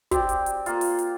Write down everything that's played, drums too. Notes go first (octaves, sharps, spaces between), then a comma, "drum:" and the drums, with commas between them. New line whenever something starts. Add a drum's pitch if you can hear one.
C4 F#4 G4 D5, drum: kick, hi-hat
drum: hi-hat
drum: hi-hat
A#3 F4, drum: hi-hat
drum: open hi-hat
drum: hi-hat